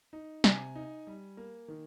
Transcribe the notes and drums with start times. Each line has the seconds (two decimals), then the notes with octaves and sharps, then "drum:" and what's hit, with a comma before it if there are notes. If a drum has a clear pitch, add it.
0.13 D#4
0.44 C3 G#5, drum: snare
0.75 D#4
1.07 G3
1.37 A#3
1.68 D#3